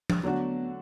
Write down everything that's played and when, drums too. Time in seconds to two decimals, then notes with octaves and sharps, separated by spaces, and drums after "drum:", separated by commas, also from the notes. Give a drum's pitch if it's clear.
0.10 drum: tom F3
0.23 D3 F#3 A3 B3 D4 F#4